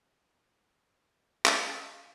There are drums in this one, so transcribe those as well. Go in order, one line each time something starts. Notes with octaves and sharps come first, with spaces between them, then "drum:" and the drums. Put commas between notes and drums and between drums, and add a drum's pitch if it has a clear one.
F5, drum: clap